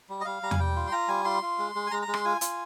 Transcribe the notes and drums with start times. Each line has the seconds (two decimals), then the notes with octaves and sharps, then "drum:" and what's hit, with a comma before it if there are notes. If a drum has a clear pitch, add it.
0.09 G3
0.21 D#5
0.25 G3 F5
0.43 G3 A#5
0.51 G#5, drum: tom E2
0.59 G3 G5
0.76 F4
0.87 C6
0.92 F4 A#5
1.08 G3 G#5
1.25 F4 C6
1.42 F4
1.58 G#3
1.75 G#3
1.87 G#5
1.91 G#3 A#5
2.02 A#5
2.08 G#3
2.14 C6, drum: rim click
2.25 F4 G#5
2.41 F4, drum: hi-hat